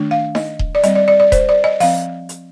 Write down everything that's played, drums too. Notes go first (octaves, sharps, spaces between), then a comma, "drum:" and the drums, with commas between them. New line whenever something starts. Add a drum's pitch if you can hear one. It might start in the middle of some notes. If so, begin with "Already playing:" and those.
Already playing: D#3 A3 D4
F5
D#5, drum: snare D#4
drum: kick D#1
D5
G3 C4 D#5, drum: hi-hat
D5
D5
D5
C5, drum: kick D#1, hi-hat
D5
D#5
F3 C4 F5, drum: open hi-hat
drum: hi-hat